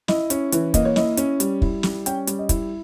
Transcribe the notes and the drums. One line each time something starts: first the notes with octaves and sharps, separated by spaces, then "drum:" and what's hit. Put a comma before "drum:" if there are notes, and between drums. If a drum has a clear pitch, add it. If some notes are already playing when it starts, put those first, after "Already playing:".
E4 D#5, drum: snare
C#4, drum: hi-hat
E3, drum: hi-hat
A#3 D#5, drum: kick, hi-hat
C#5
E4 D#5, drum: snare
C#4, drum: hi-hat
G3, drum: hi-hat
E4, drum: kick
G3, drum: snare
C#4 G5, drum: hi-hat
G3, drum: hi-hat
D#5
E4, drum: kick, hi-hat